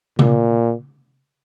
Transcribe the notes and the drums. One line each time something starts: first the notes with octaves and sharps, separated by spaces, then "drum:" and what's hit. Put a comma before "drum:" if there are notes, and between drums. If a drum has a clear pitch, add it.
A#2, drum: tom C3